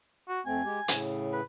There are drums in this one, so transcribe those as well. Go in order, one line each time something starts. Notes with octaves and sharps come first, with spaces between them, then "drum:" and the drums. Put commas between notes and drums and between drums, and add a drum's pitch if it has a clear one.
F#4
F2 A3 C4 G#5
G#3 G4
A2 C#3, drum: hi-hat
B4